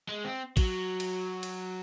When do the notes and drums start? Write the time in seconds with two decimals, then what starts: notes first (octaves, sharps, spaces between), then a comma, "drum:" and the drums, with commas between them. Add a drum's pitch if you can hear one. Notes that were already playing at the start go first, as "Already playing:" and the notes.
0.09 G#3
0.25 C4
0.57 F#3, drum: kick, cymbal
1.00 drum: cymbal
1.43 drum: cymbal